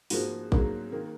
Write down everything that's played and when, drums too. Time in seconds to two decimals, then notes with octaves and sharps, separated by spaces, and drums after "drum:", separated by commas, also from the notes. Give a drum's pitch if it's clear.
0.10 G#2 F3 A#3 F#4, drum: open hi-hat
0.52 G#2 F#3 A#3, drum: kick
0.92 D#3 A#3